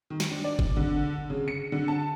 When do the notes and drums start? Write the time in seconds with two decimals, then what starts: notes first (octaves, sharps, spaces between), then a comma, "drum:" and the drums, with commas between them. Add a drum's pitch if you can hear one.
0.10 D#3
0.20 drum: snare
0.31 D4
0.44 D5
0.59 drum: kick F#1
0.77 D3
1.30 C#3
1.48 C#7
1.72 D3
1.88 A5